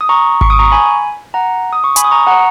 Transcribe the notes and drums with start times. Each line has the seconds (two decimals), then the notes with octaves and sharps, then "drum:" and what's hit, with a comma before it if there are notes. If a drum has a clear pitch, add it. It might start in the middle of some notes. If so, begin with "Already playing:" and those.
0.01 D#6
0.09 A#5 C#6
0.41 C#6, drum: kick G#1
0.50 D#6
0.59 A#5 C#6
0.72 G#5 B5
1.34 F#5 A#5
1.73 D#6
1.84 C#6
1.96 G#5 B5, drum: hi-hat
2.04 D#6
2.11 A#5 C#6
2.27 F#5 A#5